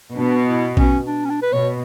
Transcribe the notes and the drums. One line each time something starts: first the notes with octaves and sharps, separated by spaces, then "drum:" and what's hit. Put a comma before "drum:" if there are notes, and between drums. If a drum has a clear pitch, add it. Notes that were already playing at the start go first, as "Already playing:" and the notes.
B2 D4
E4
C#4, drum: kick A#1
D4
C#4
D4
B4
B2 C#5